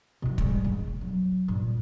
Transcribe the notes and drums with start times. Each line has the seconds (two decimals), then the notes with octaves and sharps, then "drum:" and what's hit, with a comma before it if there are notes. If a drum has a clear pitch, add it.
0.22 B2 E4
0.38 G3 G#3, drum: kick
0.64 E1
1.01 F#3
1.48 G2 A#2